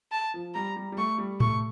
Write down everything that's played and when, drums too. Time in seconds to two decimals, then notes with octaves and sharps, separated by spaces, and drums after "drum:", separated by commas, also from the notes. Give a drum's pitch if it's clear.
0.12 A5
0.34 F3
0.55 G3 A#5
0.76 G3
0.92 G3
0.97 A3 C#6
1.18 G3
1.40 A3 C#6, drum: tom A2